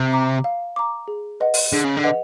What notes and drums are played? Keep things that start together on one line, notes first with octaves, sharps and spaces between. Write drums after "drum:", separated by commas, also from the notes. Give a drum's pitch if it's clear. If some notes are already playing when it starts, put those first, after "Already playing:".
Already playing: C3
A#5 D6
F5
A#5 D6
G#4
B4 D#5 F#5
drum: open hi-hat
D3 G#4
C#3
D3
B4 D#5 F#5